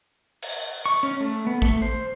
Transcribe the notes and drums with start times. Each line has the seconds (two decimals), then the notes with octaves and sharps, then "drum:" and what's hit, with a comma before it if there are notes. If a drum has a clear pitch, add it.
0.42 drum: cymbal
0.86 C#6
1.03 C#4
1.20 A3
1.47 B3
1.62 A3, drum: kick A1
1.82 C5